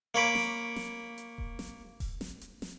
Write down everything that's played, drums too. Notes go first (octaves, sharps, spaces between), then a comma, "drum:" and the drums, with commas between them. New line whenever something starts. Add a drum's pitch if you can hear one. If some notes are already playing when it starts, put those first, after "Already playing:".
A#3 C#5 B5 D6
drum: snare
drum: snare
drum: hi-hat
drum: kick D#1
drum: snare
drum: kick D#1, open hi-hat
drum: snare
drum: hi-hat
drum: snare